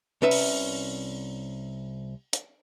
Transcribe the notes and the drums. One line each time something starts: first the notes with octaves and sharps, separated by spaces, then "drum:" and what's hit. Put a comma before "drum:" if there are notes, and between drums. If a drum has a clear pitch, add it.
C2 C#4 B4 E5
drum: open hi-hat
drum: hi-hat